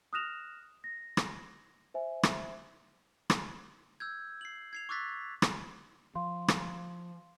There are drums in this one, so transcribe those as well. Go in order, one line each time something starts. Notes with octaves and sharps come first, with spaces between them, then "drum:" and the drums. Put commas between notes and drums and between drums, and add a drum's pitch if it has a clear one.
D#6 F6 F#6 A#6 E7 F7
A#6
drum: rim click
C5 E5 G#5
drum: rim click
drum: rim click
E6 G6 G#6
C7 F#7
G#6 C7 F7
C#6 D6 E6 F#6 A6 B6
drum: rim click
F3 F5 C6
drum: rim click